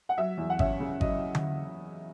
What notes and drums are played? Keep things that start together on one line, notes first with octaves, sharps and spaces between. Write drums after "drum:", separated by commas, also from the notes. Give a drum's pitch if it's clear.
F#5
F#3 E5
E2
F#5
C#4 E5, drum: kick G#1
C#3
F#3 D#5, drum: kick G#1
drum: tom D3